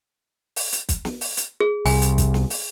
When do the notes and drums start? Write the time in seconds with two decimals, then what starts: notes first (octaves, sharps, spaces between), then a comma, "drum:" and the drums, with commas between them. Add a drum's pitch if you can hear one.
0.56 drum: open hi-hat
0.72 drum: hi-hat
0.89 drum: kick, hi-hat
1.05 drum: snare
1.21 drum: open hi-hat
1.37 drum: hi-hat
1.60 G#4
1.86 C2 G#5, drum: open hi-hat
2.02 drum: hi-hat
2.18 drum: kick, hi-hat
2.34 drum: snare
2.50 drum: open hi-hat